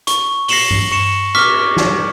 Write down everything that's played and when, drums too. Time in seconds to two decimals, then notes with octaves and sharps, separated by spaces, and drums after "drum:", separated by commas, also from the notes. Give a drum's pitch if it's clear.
0.07 C#6, drum: hi-hat
0.48 A#6 C7 C#7 E7 F#7 G7, drum: open hi-hat
0.71 drum: tom G2
0.92 C#6 C#7 E7
1.35 C#6 D6 F6 B6, drum: cymbal
1.77 drum: snare